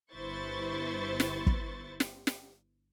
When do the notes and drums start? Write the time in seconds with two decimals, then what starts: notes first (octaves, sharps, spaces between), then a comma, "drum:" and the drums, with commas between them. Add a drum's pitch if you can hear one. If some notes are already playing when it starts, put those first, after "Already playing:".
0.12 G1 E4 B4 C5 C#6 A6
1.20 drum: snare
1.47 drum: kick
2.00 drum: snare
2.27 drum: snare